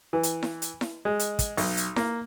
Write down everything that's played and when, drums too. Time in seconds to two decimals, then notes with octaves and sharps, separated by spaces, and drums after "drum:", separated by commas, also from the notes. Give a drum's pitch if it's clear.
0.13 E3
0.23 drum: hi-hat
0.43 drum: snare E4
0.62 drum: hi-hat
0.81 drum: snare E4
1.05 G#3
1.19 drum: hi-hat
1.39 drum: kick, hi-hat
1.57 B1, drum: open hi-hat
1.77 drum: hi-hat
1.96 A#3, drum: snare E4